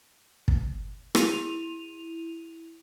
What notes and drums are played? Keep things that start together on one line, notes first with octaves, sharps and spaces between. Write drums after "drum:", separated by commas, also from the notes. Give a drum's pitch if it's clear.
drum: kick
E4 D#7 F7, drum: rim click